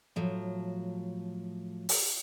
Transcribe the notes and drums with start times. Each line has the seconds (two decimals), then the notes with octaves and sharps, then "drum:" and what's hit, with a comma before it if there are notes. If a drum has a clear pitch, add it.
0.16 A2 F3 F#3
1.89 drum: open hi-hat